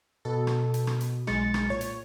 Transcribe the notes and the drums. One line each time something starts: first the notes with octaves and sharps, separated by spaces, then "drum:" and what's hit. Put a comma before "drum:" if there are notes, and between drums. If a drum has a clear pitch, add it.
B2 A4
drum: rim click
drum: hi-hat
drum: rim click
drum: hi-hat
B1 G#3 A6 C#7, drum: rim click
drum: rim click
A#2 C#5
drum: hi-hat